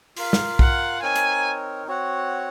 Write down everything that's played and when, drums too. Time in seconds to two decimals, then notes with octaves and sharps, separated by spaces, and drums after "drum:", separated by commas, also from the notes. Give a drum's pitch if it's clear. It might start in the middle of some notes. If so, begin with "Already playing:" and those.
0.17 F4 A#4 F5, drum: open hi-hat
0.33 drum: snare
0.59 F#5, drum: kick B1
1.02 C4 D#4 A#4 C#5 G#5
1.16 drum: hi-hat
1.87 C4 F#4 C#5 F#5